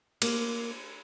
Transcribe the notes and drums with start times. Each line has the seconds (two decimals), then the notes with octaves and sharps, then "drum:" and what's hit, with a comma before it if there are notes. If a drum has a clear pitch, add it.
0.22 A#3, drum: cymbal